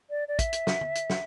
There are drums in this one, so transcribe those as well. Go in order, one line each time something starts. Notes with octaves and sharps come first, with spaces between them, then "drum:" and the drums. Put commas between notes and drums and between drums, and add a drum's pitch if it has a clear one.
D5
D5
E5, drum: kick, hi-hat
drum: hi-hat
drum: snare
drum: tom
drum: hi-hat
drum: snare